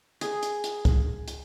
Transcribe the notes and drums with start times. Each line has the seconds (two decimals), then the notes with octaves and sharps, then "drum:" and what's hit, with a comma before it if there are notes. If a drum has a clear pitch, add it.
0.21 G#4, drum: hi-hat
0.43 drum: hi-hat
0.64 drum: hi-hat
0.85 drum: kick, hi-hat
1.28 drum: hi-hat